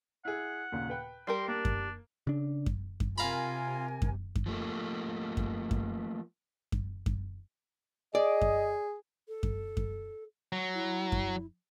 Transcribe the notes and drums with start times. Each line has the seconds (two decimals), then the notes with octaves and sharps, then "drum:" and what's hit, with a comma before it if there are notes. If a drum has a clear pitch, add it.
0.25 E4 G#4 F#5
0.72 D#2 A#2 C#3
0.90 B4 G5
1.27 G3 G4 A#4 C6
1.48 A#3 D4
1.65 drum: kick F#2
2.27 C#3 D4
2.66 drum: kick F#2
3.00 drum: kick F#2
3.18 C3 F4 A#4 F5 G#5 A#5 B5
4.02 drum: kick F#2
4.35 drum: kick F#2
4.46 F3 A3 A#3
5.37 drum: kick F#2
5.71 drum: kick F#2
6.72 drum: kick F#2
7.06 drum: kick F#2
8.15 G#4 D5 D#5
8.41 drum: kick F#2
9.28 A4
9.43 drum: kick F#2
9.77 drum: kick F#2
10.52 F#3
10.74 E4
11.12 drum: kick F#2